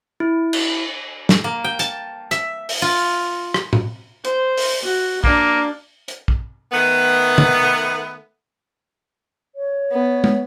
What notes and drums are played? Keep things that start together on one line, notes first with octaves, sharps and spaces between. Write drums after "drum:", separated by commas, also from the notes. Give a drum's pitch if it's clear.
E4
drum: cymbal
drum: snare
A#3
G5
A5, drum: hi-hat
E5, drum: hi-hat
drum: open hi-hat
F4
drum: rim click
drum: tom A2
C5, drum: hi-hat
drum: open hi-hat
F#4
A#3 D4, drum: kick
drum: hi-hat
drum: kick
D#3 A3 B3
drum: tom
C#5
B3
drum: tom